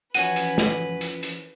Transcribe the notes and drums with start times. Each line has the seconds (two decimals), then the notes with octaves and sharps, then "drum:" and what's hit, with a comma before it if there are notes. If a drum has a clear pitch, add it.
0.14 E3 F3 C#4 F#4 B4 C#5 G#5 D#7, drum: hi-hat
0.36 drum: hi-hat
0.58 drum: snare
1.01 drum: hi-hat
1.23 drum: hi-hat